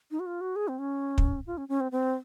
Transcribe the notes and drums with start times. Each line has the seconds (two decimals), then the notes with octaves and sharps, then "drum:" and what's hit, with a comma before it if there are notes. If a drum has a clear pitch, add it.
0.11 D#4
0.20 F#4
0.26 F4
0.41 F#4
0.56 G#4
0.68 C4
0.79 C#4
1.18 drum: kick
1.47 F4
1.58 C#4
1.69 C#4
1.80 C4
1.92 C4